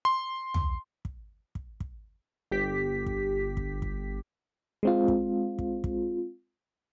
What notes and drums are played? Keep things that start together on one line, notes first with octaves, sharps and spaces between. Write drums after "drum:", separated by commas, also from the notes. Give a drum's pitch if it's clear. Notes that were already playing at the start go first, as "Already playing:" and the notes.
C6
drum: tom
drum: kick
drum: kick
drum: kick
G1 G4 B6
drum: kick
drum: kick
drum: kick
G#3 C4 F4
drum: kick
drum: kick
drum: kick